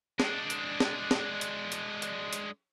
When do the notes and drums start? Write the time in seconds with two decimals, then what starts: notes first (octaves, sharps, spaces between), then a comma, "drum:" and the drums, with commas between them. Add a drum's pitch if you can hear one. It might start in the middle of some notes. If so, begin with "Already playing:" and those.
0.20 G#3 D4, drum: snare
0.50 drum: hi-hat
0.80 drum: snare
1.11 drum: snare
1.41 drum: hi-hat
1.72 drum: hi-hat
2.02 drum: hi-hat
2.33 drum: hi-hat